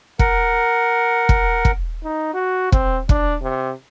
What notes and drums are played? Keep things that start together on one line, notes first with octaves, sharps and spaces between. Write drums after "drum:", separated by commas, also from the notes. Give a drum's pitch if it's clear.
A#4 F#5, drum: kick
drum: kick
drum: kick
D#4
F#4
C4, drum: kick
D4, drum: kick
C3